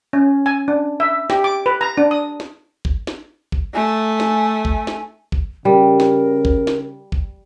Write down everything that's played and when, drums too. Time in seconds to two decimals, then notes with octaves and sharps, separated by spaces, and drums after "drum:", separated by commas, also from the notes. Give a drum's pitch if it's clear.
0.13 C#4
0.46 G#5
0.68 D4
1.00 E5
1.30 G4, drum: snare
1.44 D6
1.66 B4
1.81 A#5
1.98 D4
2.11 D#6
2.40 drum: snare
2.85 drum: kick G#1
3.07 drum: snare
3.52 drum: kick G#1
3.75 A3 G#5
4.20 drum: snare
4.65 drum: kick G#1
4.87 drum: snare
5.32 drum: kick G#1
5.65 C#3 G3 A#4
6.00 drum: snare
6.45 drum: kick G#1
6.67 drum: snare
7.12 drum: kick G#1